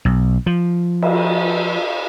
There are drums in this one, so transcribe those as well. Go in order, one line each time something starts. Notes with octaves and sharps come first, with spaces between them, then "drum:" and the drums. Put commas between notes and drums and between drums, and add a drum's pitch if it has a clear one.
B1
F3
drum: cymbal